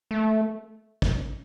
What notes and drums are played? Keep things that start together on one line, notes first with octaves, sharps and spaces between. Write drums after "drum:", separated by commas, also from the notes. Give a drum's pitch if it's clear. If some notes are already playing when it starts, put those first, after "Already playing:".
A3
drum: kick